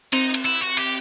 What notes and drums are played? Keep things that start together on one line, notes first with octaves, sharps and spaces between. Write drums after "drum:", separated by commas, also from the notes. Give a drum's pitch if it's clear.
C4 D#4, drum: cymbal
drum: cymbal
E4
F#4
G4, drum: cymbal